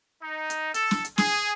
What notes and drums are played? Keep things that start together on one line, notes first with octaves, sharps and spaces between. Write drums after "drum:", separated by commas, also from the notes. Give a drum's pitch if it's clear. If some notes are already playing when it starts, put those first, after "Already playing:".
D#4
drum: hi-hat
A4, drum: hi-hat
drum: snare
drum: hi-hat
G#4, drum: snare